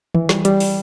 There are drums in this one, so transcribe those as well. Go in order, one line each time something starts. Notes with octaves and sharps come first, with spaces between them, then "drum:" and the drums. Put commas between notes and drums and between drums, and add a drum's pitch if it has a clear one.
E3, drum: tom
G3, drum: snare
G3, drum: hi-hat
drum: open hi-hat